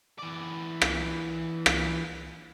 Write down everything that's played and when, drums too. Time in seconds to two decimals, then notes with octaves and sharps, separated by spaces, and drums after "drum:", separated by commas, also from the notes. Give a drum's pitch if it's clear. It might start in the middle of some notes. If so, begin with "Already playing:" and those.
0.18 E3 D5
0.82 drum: rim click
1.66 drum: rim click